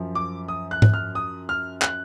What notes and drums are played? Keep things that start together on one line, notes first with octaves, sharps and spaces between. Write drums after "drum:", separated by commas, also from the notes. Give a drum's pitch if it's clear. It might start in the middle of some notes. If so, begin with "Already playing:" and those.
Already playing: F#2 F3
D6
D#6
F#6
drum: tom G#2
F6
D#6
F6
F#6, drum: clap